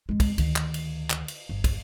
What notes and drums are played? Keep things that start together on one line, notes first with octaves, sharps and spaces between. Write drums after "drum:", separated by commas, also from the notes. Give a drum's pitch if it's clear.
F2 G#3
drum: kick, cymbal
D2 D#3, drum: cymbal
drum: clap
drum: cymbal
drum: clap
drum: cymbal
G1
drum: kick, cymbal